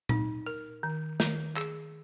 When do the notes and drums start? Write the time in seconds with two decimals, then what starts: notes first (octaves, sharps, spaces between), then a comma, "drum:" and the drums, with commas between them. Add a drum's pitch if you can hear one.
0.09 D#4, drum: tom A#2
0.46 A#4
0.83 D#3
1.20 D#3, drum: snare
1.57 G#4, drum: clap